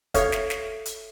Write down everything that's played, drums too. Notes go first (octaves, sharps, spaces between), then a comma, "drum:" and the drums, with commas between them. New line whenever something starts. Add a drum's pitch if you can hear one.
A4 C#5 E5 F5, drum: kick, hi-hat
drum: snare
drum: snare
drum: hi-hat